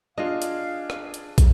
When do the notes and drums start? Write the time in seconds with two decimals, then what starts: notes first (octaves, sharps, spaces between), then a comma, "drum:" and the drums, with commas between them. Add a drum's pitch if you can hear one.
0.18 D4 F4 G#4 D#5 F5
0.42 drum: hi-hat
0.90 drum: rim click
1.14 drum: hi-hat
1.38 drum: kick, hi-hat